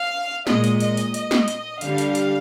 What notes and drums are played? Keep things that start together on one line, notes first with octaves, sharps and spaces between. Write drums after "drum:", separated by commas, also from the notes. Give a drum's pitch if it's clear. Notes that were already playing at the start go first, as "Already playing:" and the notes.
Already playing: F5
A#2 G#3 D#5, drum: snare
drum: hi-hat
D#5, drum: hi-hat
drum: hi-hat
D#5, drum: hi-hat
drum: snare
drum: hi-hat
D3 G3 F5, drum: hi-hat
drum: hi-hat
drum: hi-hat